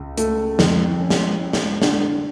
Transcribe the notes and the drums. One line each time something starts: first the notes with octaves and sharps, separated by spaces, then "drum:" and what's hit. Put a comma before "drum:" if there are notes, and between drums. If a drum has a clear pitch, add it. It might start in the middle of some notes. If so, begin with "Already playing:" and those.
Already playing: C#2
A3, drum: hi-hat
F2, drum: snare
C#4
drum: snare
C#4
drum: snare
D3, drum: snare